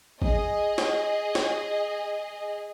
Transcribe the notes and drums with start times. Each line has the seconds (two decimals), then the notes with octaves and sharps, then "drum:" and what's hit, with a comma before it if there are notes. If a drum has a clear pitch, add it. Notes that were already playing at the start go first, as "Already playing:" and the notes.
0.22 G#4 D#5, drum: kick
0.78 drum: snare
1.35 drum: snare